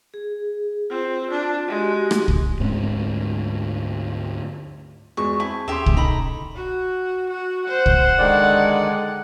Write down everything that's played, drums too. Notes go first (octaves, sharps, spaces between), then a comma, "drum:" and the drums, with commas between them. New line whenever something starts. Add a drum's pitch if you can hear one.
G#4
C4 F4 C5
D4 F4
G#3 F#4 G4
drum: rim click
drum: kick
D2 G#2 C4 C#4
E2 G#3 F4 F#4 G#4 C#6
C4 E4 A5
D#2 C#4 G4 G#4 E5 C6
drum: kick
B2 D#4 A4 A#5 B5
F#4
F#4
C5 F#5
drum: kick
D3 D#3 G#3 D5